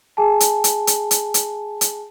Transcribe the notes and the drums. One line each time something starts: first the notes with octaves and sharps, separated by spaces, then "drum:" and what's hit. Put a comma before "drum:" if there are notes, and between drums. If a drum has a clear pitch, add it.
G#4 G#5 A5
drum: hi-hat
drum: hi-hat
drum: hi-hat
drum: hi-hat
drum: hi-hat
drum: hi-hat